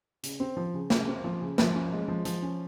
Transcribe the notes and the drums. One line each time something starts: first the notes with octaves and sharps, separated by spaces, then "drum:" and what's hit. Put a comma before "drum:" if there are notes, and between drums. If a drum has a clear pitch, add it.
C#3, drum: hi-hat
C4
F3
C#3
C#3, drum: snare
C4
F3
C#3
F3, drum: snare
C#4
G#3
F3
F3, drum: hi-hat
C#4